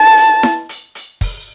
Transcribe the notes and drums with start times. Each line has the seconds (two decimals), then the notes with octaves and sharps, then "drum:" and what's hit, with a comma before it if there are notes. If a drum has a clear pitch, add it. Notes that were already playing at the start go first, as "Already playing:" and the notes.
Already playing: A5
0.17 drum: hi-hat
0.43 drum: snare E4
0.69 drum: hi-hat
0.95 drum: hi-hat
1.21 drum: kick, open hi-hat